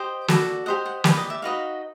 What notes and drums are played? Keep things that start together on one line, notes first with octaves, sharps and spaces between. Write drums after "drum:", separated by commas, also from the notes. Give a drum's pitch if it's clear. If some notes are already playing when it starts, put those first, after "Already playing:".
Already playing: G4 C5 D#5
F#4 A4 D5, drum: snare
G4 C5 D#5 F#5
F#5
G4 B4 D5 F5, drum: snare
D#5
E5
D#4 F#4 B4 D#5 F5